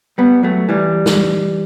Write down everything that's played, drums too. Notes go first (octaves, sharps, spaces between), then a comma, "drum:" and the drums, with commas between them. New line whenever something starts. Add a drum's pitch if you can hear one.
G3 B3
F#3 A3
E3 G3
drum: snare